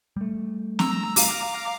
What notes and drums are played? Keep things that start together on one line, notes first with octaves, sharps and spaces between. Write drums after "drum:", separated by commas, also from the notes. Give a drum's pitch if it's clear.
G3 A3
A#5 E6, drum: snare
F5 A#5 D6, drum: open hi-hat